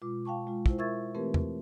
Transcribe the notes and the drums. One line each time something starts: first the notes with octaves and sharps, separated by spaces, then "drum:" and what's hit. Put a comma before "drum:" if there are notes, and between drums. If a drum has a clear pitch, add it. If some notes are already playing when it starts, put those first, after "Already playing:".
B2 G#3 F4 D6
F5 G5 A5 C#6
G#3 F4
E4 F4 C5, drum: kick
A#4 E5 C#6 E6 G#6 A6
E3 A3 C4 G4 A#4 B4
drum: tom E2